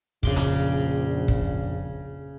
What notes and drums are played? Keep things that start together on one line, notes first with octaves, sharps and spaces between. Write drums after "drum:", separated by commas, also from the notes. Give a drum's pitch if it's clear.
A#1 F2 C#3 C6 D6, drum: kick
drum: hi-hat
drum: kick